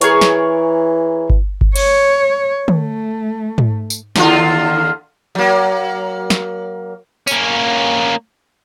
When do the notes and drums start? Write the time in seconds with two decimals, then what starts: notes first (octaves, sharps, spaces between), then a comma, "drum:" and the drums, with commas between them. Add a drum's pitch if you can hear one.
0.01 E3 G#4 A#4 C#5, drum: hi-hat
0.21 drum: snare
1.30 drum: kick G1
1.61 drum: kick G1
1.76 C#5, drum: cymbal
2.68 A3, drum: tom
3.58 drum: tom
3.90 drum: tambourine
4.16 D#2 D3 F4, drum: snare
5.35 F#3 A#3
6.30 drum: snare
7.27 A#3 C#4, drum: tambourine